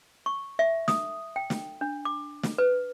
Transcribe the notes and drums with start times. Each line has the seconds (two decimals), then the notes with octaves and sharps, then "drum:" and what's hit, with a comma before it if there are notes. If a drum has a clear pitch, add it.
0.26 C#6
0.59 E5
0.88 D#6, drum: snare
1.36 G5
1.50 drum: snare
1.81 D4
2.05 D6
2.43 drum: snare
2.58 B4